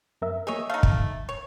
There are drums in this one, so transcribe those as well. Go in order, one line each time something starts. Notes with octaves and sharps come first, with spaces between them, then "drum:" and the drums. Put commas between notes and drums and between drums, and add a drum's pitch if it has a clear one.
F#2 A#4 E5
A#3 G#4 C#5 D#5 E5
A3 D#4 F5
drum: kick
C#5